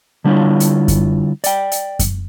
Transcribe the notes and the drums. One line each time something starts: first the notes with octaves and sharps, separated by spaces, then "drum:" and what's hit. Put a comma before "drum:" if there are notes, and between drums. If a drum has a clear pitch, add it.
D3 G3 D4 E4 F4 C#5
drum: hi-hat
drum: kick F#2, hi-hat
D5 G5, drum: hi-hat
drum: hi-hat
drum: kick F#2, hi-hat